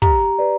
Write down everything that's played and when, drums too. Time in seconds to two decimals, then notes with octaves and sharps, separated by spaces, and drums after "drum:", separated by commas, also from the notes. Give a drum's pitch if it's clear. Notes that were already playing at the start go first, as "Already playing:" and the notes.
0.02 G4 A#5, drum: kick
0.39 B4 D5